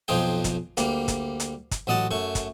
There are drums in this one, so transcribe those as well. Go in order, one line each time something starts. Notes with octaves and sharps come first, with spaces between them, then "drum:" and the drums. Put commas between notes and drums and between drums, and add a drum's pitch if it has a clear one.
B1 F2 F3 D#4 G#4 G5
drum: kick, hi-hat
D2 G3 A#3, drum: hi-hat
drum: kick, hi-hat
drum: hi-hat
drum: kick, hi-hat
A1 F#3 D#5 F#5 A5
F#2 A3 C#6
drum: kick, hi-hat